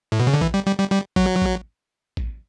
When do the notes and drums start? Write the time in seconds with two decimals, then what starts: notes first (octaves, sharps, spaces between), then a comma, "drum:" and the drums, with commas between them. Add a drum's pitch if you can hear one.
0.12 A2
0.19 B2
0.27 C#3
0.34 D3
0.41 E3, drum: kick
0.54 G3
0.67 G3
0.79 G3
0.91 G3
1.16 F#3, drum: kick
1.42 drum: kick
2.17 drum: kick